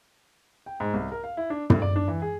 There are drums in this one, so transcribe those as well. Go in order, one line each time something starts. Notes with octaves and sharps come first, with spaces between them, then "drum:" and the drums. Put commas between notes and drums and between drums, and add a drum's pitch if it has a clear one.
G5
G#2
C2
A#4
F5
E4
D4
G2, drum: tom
D5
D4
E3
G#4